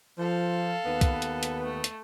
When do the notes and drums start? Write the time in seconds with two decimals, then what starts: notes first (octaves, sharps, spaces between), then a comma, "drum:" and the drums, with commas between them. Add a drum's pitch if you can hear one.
0.19 F3 A4 F5
0.86 D#2 B3 B4
1.01 drum: kick, hi-hat
1.22 drum: hi-hat
1.43 drum: hi-hat
1.63 A3
1.84 drum: hi-hat